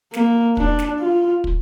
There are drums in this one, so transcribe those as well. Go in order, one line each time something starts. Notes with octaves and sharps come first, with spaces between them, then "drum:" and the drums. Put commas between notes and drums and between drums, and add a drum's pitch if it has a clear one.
A#3, drum: snare
D4, drum: kick
drum: snare
F4
drum: kick